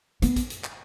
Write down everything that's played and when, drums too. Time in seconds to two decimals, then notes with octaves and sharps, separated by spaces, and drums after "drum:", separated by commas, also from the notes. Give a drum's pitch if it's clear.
0.22 B3, drum: hi-hat
0.36 drum: kick, hi-hat
0.50 drum: hi-hat
0.64 drum: clap